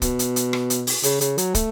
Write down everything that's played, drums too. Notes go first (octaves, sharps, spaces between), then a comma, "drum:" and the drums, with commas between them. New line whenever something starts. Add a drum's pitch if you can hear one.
B2, drum: kick, hi-hat
drum: hi-hat
drum: hi-hat
drum: rim click
drum: hi-hat
drum: open hi-hat
C#3, drum: hi-hat
C#3, drum: hi-hat
F#3, drum: hi-hat
A3, drum: kick, hi-hat